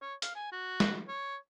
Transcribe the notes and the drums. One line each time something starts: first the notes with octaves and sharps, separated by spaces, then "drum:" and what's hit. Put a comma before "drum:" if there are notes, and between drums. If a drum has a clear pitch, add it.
C#5
F5, drum: hi-hat
G#5
F#4
drum: snare
C#5